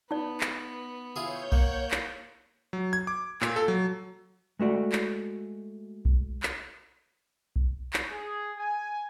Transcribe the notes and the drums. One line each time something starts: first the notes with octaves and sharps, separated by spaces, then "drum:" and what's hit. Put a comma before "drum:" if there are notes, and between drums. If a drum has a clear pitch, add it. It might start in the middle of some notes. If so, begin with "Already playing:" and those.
B3 D#4 D5
drum: clap
E4 F4 G#4 C#5 G6
A#3 F#5, drum: kick B1
drum: clap
F#3
G#6
D6
A#2, drum: clap
A4
F#3
G#3 A3 F#4 D5
drum: clap
drum: kick B1
drum: clap
drum: kick B1
drum: clap
G#4
G#5